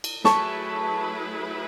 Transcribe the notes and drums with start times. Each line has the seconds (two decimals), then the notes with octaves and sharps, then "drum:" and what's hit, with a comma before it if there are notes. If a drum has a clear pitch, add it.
0.04 drum: cymbal
0.24 F#3 A3 E4 G#4 B4 A5 C#6, drum: snare